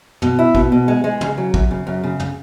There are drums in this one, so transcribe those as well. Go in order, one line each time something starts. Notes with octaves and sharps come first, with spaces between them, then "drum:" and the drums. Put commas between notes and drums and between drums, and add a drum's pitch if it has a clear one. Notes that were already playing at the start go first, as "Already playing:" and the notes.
B2, drum: tom
E4
B2, drum: kick
B2
G#3
G#3
C#3, drum: tom
F#3
F#2, drum: kick
C#3
F#2
C#3
drum: tom